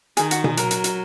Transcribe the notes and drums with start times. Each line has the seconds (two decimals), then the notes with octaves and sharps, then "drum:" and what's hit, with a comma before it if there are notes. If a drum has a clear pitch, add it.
0.17 D#3 G#4, drum: hi-hat
0.31 F#4, drum: hi-hat
0.44 G#4, drum: tom B2
0.57 F#3 A#4, drum: hi-hat
0.71 drum: hi-hat
0.84 drum: hi-hat